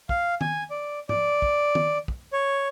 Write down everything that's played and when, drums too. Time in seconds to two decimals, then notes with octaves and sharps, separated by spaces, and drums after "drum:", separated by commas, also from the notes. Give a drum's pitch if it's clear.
0.09 F5, drum: kick
0.41 G#5, drum: tom D#3
0.70 D5
1.09 D5, drum: tom
1.42 drum: kick
1.75 drum: tom D#3
2.08 drum: kick
2.33 C#5